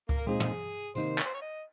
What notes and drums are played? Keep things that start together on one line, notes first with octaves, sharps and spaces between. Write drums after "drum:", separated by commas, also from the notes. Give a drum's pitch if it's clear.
A#3, drum: kick C#2
A#4
A#2 G#3 C4 D#4 G#4
drum: tom
C3 D#3 A#3 D#4 C5, drum: tambourine
C#5, drum: clap
C5
C#5
D#5